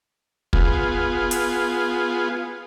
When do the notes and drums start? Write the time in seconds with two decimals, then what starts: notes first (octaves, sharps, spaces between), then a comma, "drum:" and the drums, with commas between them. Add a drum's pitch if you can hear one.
0.53 B3 F4 G#4, drum: kick
1.31 drum: hi-hat